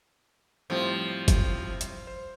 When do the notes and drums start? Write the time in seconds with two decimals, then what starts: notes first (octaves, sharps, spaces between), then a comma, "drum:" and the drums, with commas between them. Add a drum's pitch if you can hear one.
0.70 A2 F3 G3 C4
1.28 drum: kick, hi-hat
1.81 drum: hi-hat
2.07 C5